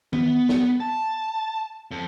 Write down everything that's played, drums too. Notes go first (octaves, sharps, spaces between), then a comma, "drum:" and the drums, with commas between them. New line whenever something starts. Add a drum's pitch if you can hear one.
B3, drum: tom D#3
drum: snare
A5
F2